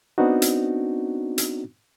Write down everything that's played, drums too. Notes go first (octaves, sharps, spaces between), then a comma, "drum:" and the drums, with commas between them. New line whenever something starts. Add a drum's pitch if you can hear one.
B3 C4 D4 D#4 F#4
drum: hi-hat
drum: hi-hat